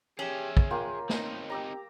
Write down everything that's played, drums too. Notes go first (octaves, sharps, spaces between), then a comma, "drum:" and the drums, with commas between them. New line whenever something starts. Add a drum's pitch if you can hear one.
C#4 G4 G#4 E5
drum: kick
A#3 F4 A#4 G5
C4 D#4, drum: snare
G4 A#5 D6 E6